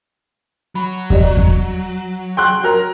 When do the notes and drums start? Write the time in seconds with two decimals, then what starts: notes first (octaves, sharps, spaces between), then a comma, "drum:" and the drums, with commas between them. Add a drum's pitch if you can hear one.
0.75 F#3 B5
1.10 G4 D5 D#5, drum: kick E2
1.37 drum: kick E2
2.37 G#4 G5 C6 C#6 F#6
2.64 F#3 A#4